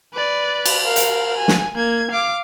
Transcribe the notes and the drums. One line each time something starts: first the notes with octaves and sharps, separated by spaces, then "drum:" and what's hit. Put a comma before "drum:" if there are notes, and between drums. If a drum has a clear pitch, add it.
B4 D5
drum: cymbal
A#4 F5
drum: hi-hat
G#5
drum: snare
A#3 G#6
F5 D6